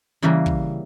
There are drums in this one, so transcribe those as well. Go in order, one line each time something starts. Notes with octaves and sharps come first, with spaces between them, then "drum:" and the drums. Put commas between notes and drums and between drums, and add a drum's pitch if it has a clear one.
C#3 E3 G3 A#3
drum: kick